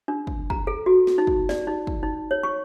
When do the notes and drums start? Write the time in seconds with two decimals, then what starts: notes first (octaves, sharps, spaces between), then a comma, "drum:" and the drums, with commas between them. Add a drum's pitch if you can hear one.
0.08 D4
0.27 drum: kick
0.50 A#5, drum: kick
0.67 A4
0.86 F#4
1.07 drum: snare
1.18 D#4
1.27 drum: kick
1.49 D5, drum: snare
1.67 D#4
1.87 drum: kick
2.03 D#4
2.31 C#5
2.43 C#6